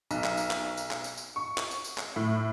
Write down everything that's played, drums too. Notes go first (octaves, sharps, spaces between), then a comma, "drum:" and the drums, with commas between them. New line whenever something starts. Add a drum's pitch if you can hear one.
B1, drum: tambourine
drum: clap
drum: tambourine
drum: clap
drum: tambourine
drum: clap
drum: tambourine
drum: tambourine
C#6
drum: clap
drum: tambourine
drum: tambourine
drum: clap
A2